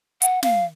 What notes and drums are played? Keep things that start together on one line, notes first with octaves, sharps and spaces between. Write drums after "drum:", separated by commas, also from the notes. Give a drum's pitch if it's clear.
F#5, drum: hi-hat
F5, drum: snare